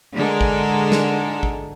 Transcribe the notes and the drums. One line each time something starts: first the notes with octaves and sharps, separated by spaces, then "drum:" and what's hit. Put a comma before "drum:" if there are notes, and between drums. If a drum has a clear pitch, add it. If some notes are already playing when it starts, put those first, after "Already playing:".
D3 G#3 A4 A#4
drum: kick G#1
drum: snare
drum: kick G#1